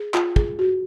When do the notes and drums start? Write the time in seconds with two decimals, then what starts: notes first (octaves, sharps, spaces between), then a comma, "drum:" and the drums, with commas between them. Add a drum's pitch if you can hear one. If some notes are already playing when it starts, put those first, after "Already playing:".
Already playing: G#4
0.14 F4, drum: clap
0.36 G#4, drum: kick
0.59 F#4